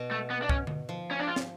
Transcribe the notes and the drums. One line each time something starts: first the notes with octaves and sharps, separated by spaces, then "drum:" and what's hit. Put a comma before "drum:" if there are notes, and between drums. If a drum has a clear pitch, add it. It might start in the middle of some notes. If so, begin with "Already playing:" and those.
Already playing: B2
A3
B3
D4
C#4, drum: kick C2
drum: tom D3
F3
C#4
D4
F4
drum: snare